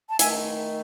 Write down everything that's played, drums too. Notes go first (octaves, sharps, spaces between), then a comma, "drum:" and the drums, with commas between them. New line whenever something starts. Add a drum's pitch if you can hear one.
A5
D#3 A3 E5 G#5, drum: hi-hat